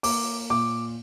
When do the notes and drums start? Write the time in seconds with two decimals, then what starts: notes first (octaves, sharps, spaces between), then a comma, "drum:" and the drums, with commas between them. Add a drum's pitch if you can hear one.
0.03 A#3 D6, drum: open hi-hat
0.50 A#2 D6